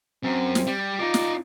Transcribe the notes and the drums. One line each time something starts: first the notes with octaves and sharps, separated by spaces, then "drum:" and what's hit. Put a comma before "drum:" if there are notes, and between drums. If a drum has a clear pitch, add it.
F#2 C4
drum: snare
G3
D#4 F4 D5
drum: snare